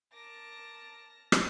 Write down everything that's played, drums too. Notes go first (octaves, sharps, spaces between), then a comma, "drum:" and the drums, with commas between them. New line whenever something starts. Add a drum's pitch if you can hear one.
A#4 A5 D6 F6 A#6
drum: rim click